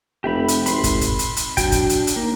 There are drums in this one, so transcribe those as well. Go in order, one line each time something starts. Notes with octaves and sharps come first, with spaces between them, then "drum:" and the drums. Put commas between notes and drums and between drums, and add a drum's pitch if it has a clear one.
F1 G4 E5 B5
drum: hi-hat
G#1 B5 C6, drum: hi-hat
drum: kick, hi-hat
drum: kick, hi-hat
drum: hi-hat
drum: hi-hat
F#3 D4 G5, drum: kick, hi-hat
drum: kick, hi-hat
drum: hi-hat
drum: hi-hat
D#2 A#3